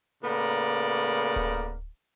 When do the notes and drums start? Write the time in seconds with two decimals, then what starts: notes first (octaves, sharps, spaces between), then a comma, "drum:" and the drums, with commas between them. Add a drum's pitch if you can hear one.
0.23 A2 C#3 A#3 B3 A#4 D5
1.36 drum: kick D1